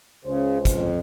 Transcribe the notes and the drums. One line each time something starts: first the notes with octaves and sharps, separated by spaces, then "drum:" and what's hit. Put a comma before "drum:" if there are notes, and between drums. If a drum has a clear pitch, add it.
C#2 C#3 C#4 C5
F2, drum: kick, hi-hat